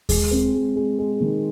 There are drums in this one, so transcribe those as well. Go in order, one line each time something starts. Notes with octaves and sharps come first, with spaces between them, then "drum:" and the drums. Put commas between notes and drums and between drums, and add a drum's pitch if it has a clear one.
G#3, drum: kick D#2, open hi-hat
C4
G#3
G#3
G#3
D#3